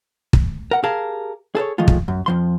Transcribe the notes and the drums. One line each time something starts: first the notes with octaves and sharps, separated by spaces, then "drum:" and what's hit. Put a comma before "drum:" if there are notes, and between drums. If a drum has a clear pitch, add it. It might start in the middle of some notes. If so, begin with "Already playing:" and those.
drum: kick
A#4 F#5
G4 G#4 A#4 F5 A5
G#4 A4 B4 C#5
D#3 F3 G#3 A3 F4
drum: kick
F#2
F2 F3 C6